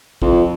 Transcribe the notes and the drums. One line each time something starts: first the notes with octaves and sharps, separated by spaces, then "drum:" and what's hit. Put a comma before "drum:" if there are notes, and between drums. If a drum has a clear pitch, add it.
F2, drum: kick